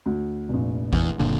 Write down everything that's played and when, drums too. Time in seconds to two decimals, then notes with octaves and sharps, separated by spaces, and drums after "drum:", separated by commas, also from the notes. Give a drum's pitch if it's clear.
0.06 D2
0.49 F1 A#1
0.93 E2, drum: kick G#1
1.19 F#1 A#2 D3